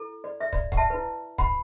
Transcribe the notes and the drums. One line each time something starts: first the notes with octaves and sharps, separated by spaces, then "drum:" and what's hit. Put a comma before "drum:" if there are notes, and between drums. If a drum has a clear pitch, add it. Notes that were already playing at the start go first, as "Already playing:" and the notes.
Already playing: E4 A4
D5
E5
D5, drum: kick
F#5, drum: kick
E5 A5
E4 B4
F#5 B5, drum: kick